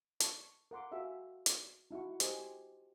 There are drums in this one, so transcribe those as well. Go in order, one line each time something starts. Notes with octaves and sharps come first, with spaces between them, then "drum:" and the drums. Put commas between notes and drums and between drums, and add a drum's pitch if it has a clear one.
A5 C#6, drum: hi-hat
A#4 F#5 C6 D6
F#4 G#4 E5 F5
drum: hi-hat
D#4 E4 F#4 C#6
G4 G#4 C5 D#5, drum: hi-hat